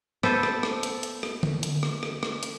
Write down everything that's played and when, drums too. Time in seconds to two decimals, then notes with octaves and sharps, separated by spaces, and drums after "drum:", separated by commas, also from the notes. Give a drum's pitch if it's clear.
0.23 B3 A4 C5, drum: rim click
0.43 drum: rim click
0.63 drum: rim click
0.83 drum: hi-hat
1.03 drum: hi-hat
1.23 drum: rim click
1.43 drum: tom D3
1.63 drum: hi-hat
1.83 drum: rim click
2.03 drum: rim click
2.23 drum: rim click
2.43 drum: hi-hat